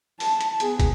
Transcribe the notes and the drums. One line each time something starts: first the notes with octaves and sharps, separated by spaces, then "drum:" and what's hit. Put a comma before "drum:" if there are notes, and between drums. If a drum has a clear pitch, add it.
A5, drum: open hi-hat
drum: hi-hat
B3 G#4, drum: hi-hat
drum: kick, hi-hat